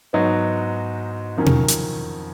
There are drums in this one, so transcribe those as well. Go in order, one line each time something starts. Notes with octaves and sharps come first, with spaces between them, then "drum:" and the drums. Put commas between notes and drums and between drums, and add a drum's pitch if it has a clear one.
G#2 F#3 B3 D#4 F#4
F2 D#3 F#3 C#4
drum: tom B2
drum: hi-hat